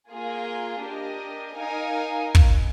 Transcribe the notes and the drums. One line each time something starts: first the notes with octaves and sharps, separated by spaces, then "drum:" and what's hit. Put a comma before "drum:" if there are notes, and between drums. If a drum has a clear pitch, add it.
A#3 F4 G#4
D4 G4 A#4 D#5
D#4 A#4 F5 G#5
drum: kick